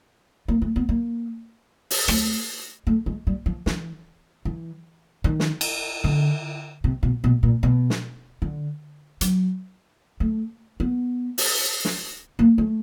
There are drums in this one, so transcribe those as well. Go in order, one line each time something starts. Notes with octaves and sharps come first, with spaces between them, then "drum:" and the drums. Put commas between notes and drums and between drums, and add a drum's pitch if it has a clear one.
A#3
A3
B3
A#3
drum: open hi-hat
A3, drum: rim click
A3
G#3
G3
F3
E3, drum: snare
E3
D#3
drum: snare
drum: cymbal
D3
C3
B2
B2
A#2
B2
drum: snare
D3
F#3, drum: hi-hat
A3
B3
drum: open hi-hat
drum: snare
A#3
A3